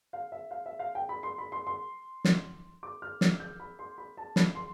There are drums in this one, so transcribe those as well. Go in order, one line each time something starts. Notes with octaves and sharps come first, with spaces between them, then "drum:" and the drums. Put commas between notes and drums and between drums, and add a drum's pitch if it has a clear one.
F5
E5
F5
E5
F5
G5
B5
C6
B5
C6
C6
drum: snare
D6
F6
E6, drum: snare
G6
B5
C6
B5
A5
B5, drum: snare
C6